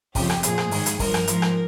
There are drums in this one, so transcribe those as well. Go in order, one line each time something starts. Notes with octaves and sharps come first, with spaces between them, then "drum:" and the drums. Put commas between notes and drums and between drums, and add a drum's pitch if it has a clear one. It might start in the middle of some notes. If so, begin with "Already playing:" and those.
F2 C#3 F3 G4, drum: kick, open hi-hat
drum: rim click
A#2 F3 G#4, drum: hi-hat
drum: rim click
G#2 D#3, drum: open hi-hat
drum: hi-hat
G2 F3 A#4, drum: kick, open hi-hat
drum: rim click
G#2 F3, drum: hi-hat
drum: rim click